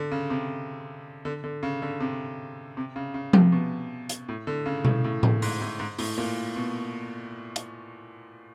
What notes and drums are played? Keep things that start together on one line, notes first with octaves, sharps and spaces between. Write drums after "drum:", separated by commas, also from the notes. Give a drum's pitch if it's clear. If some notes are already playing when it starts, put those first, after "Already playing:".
Already playing: D3
C#3
C3
D3
D3
C#3
D3
C3
C3
C#3
C#3
C3, drum: tom F3
B2
drum: hi-hat
A2
D3
C#3
A2, drum: tom B2
A2
A2, drum: tom A2
G#2, drum: open hi-hat
A2
G#2
A2, drum: open hi-hat
A#2
B2
drum: hi-hat